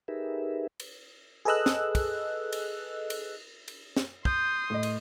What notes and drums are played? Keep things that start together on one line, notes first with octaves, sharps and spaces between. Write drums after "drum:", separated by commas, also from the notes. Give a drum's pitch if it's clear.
D#4 G4 G#4 A#4 B4 E5
drum: cymbal
G#4 A4 B4 D#5 E6 F#6
drum: snare
drum: kick, cymbal
drum: cymbal
drum: cymbal
drum: cymbal
drum: snare
C6 D#6 G6, drum: kick
A2 D#5
drum: cymbal